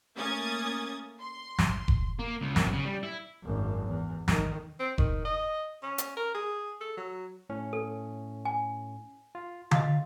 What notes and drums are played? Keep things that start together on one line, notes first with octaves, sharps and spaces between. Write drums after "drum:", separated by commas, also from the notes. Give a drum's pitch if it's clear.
A3 A#3 C#4 D#6 G#6 A6
C6
drum: snare
drum: kick F1
A#3
C#2
F#2 C3, drum: snare
C#3
G3
E4
G#1 F#2
E2
D#3, drum: snare
C4
D#3, drum: kick F1
D#5
C#4
drum: hi-hat
A#4
G#4
A4
F#3
A2 C#4
A4
G#5
F4
F4 D#5 F5, drum: tom D3